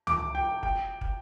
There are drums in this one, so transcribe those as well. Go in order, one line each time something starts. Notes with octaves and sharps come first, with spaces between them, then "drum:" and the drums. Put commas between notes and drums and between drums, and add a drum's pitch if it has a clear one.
D6, drum: tom C#2
G5
G5, drum: kick
drum: kick